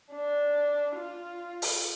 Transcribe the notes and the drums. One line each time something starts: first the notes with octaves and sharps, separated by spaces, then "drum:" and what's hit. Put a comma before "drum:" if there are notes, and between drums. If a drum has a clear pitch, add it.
D4
F4
drum: open hi-hat